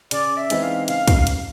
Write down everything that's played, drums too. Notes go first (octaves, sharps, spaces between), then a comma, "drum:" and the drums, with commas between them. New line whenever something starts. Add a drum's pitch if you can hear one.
C#3 D5, drum: hi-hat
E5
E3 G#3 C4 D#4, drum: hi-hat
F5
C#3 F5, drum: hi-hat
drum: kick, hi-hat
drum: hi-hat